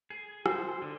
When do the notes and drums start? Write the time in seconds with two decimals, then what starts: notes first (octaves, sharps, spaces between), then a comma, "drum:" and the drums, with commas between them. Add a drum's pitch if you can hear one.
0.10 G#4
0.46 C5, drum: rim click
0.82 D3